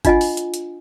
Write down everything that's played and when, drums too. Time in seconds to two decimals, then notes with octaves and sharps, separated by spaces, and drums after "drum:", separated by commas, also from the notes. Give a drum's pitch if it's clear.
0.05 D4 F4 D#5 F#5 G#5, drum: kick, hi-hat
0.21 drum: open hi-hat
0.37 drum: hi-hat
0.54 drum: hi-hat